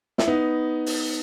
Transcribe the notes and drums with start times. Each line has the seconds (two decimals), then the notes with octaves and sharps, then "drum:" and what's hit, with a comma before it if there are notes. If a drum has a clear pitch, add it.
0.18 E4, drum: snare
0.27 B3 D#4
0.86 drum: open hi-hat